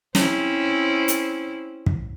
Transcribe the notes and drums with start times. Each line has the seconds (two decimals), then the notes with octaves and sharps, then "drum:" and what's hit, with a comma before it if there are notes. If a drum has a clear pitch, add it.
0.15 C4 C#4 E4, drum: snare
1.08 drum: hi-hat
1.86 drum: kick